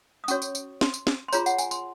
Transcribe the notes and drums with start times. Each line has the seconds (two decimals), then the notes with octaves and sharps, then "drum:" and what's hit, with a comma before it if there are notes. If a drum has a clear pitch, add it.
0.24 D#6
0.28 C#4 F#4 C#5 C#6, drum: tambourine
0.42 drum: tambourine
0.55 drum: tambourine
0.81 C6, drum: snare
0.94 drum: tambourine
1.07 drum: snare
1.28 C6
1.33 F4 G#4 C#5 A#5, drum: tambourine
1.46 F#5, drum: tambourine
1.58 G#5, drum: tambourine
1.71 C6, drum: tambourine